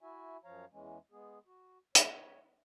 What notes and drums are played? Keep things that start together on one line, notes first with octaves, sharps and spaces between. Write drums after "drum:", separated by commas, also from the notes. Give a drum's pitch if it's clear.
E4 F#4 E5 G#5
F#2 F3 C#5 F5 A#5
E2 E3 G#3 C#4
G#3 B3 G#4
F#4
C#5, drum: hi-hat